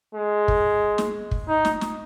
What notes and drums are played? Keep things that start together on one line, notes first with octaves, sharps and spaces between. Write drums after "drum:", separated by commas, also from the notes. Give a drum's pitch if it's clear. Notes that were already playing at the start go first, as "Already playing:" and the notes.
G#3
drum: kick
drum: snare
drum: kick
D#4
drum: snare
drum: snare